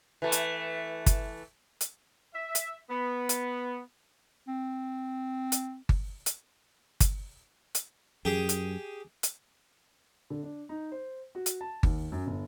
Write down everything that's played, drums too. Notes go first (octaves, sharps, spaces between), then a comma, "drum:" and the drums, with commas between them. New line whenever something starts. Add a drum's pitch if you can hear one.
E3 A3
drum: hi-hat
drum: kick G1, hi-hat
drum: hi-hat
E5
drum: hi-hat
B3
drum: hi-hat
C4
drum: hi-hat
drum: kick G1
drum: hi-hat
drum: kick G1, hi-hat
drum: hi-hat
F#2 G4 G#4
drum: hi-hat
drum: hi-hat
D3
D4
D#4
C5
F#4
drum: hi-hat
A5
D#2, drum: kick G1
F#2
G1